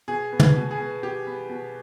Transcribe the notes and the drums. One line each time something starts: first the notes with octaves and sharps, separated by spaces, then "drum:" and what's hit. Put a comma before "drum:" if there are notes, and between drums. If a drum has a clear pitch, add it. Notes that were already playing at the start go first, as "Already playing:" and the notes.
B2 G#4
B3
B4, drum: tom
B2
G#4
B3
B2 G4
B3
B2